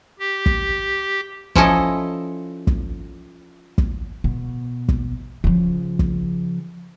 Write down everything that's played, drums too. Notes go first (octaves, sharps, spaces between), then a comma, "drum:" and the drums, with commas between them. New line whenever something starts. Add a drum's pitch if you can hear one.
G4
drum: kick
F3 C#4 E4 A4 D#5, drum: kick
drum: kick
drum: kick
B2
drum: kick
C#3 F3
drum: kick